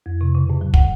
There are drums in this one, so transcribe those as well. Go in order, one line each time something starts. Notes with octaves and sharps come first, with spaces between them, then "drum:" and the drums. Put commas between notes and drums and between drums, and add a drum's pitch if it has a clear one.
F2
C3
C#3
A2
F#3
F#5, drum: kick